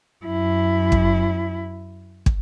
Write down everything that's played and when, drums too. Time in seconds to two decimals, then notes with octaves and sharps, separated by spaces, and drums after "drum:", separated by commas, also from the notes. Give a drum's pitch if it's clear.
0.25 F#2 E4
0.92 drum: kick
2.26 drum: kick